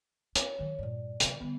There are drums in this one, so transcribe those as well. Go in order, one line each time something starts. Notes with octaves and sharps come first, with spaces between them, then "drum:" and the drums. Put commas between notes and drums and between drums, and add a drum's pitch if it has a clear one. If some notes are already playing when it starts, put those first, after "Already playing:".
E4 C#5, drum: hi-hat
D#3 F#3
G2 A#2 D5
C3 F#3, drum: hi-hat
D3 G3 B3